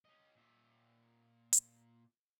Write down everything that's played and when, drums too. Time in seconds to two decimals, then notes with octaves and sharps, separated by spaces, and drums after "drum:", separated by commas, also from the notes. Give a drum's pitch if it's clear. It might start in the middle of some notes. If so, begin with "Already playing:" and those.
0.05 C#4 D#5
0.35 A#2 E5
1.53 drum: hi-hat